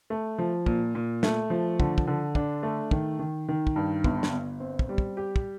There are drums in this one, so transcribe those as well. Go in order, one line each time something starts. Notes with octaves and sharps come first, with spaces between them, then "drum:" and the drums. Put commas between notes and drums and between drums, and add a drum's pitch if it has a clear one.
A3
F3
A#2, drum: kick
A#2
A3, drum: snare
F3
D3, drum: kick
drum: kick
D3
D4, drum: kick
A3
D#3, drum: kick
D#3
D#3
drum: kick
G2
G1, drum: kick
drum: snare
G1
C4
drum: kick
G3
drum: kick
G4
drum: kick